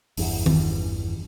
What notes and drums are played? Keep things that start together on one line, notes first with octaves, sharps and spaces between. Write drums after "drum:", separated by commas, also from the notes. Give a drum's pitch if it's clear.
G1 E2, drum: open hi-hat
drum: tom D#3